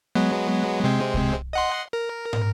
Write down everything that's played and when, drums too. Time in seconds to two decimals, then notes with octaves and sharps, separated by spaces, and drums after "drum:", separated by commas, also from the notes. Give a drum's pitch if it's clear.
0.15 F#3 G#3 B3
0.84 C3 G#3 C4
1.14 drum: kick C2
1.53 D#5 F#5 C6
1.93 A#4
2.33 drum: tom